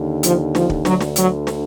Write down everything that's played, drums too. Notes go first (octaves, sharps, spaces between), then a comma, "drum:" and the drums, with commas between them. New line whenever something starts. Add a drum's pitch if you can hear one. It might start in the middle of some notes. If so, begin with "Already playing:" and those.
Already playing: D#2 D3
F3, drum: hi-hat
F3, drum: snare
drum: kick
D2 D3 F#3, drum: snare
drum: snare
F#3, drum: hi-hat
drum: snare